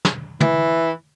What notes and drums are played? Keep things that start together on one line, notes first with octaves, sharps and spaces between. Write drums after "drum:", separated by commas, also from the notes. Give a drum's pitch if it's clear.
drum: snare
E3, drum: tom